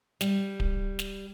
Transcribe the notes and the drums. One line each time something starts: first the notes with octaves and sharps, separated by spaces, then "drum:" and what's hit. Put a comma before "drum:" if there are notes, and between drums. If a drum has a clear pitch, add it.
G3, drum: snare
drum: kick D1
drum: snare